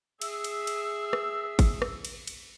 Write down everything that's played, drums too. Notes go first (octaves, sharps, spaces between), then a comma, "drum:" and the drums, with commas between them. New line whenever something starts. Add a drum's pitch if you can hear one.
G#4 E5 E6, drum: cymbal
drum: cymbal
drum: cymbal
drum: rim click
drum: kick G#1, cymbal
drum: rim click
drum: cymbal
drum: cymbal